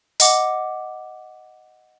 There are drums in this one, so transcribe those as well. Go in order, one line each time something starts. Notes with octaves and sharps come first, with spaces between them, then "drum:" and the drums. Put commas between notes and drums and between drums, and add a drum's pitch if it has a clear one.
D#5 F#5 D6, drum: open hi-hat